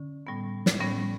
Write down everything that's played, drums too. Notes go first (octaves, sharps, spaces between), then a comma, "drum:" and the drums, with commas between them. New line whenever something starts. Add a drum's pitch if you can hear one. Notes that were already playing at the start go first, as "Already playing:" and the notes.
Already playing: D3 C#4
A2 G3 B3
drum: snare
A2 G3 B3 C#4